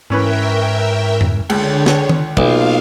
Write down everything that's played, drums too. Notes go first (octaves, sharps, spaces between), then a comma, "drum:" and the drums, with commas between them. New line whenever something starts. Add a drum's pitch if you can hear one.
G#2 E3 C#4 A#4 B4 E5 G5
drum: tom F2
C#2 D3 G#4 C#5 G5 A5, drum: cymbal
drum: snare
drum: tom D#3
B1 A#3 F4 F5, drum: kick